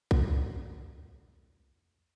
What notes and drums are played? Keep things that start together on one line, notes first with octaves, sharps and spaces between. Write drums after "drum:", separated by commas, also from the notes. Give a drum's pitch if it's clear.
F2 A3 A#3 B4 C5 G5, drum: kick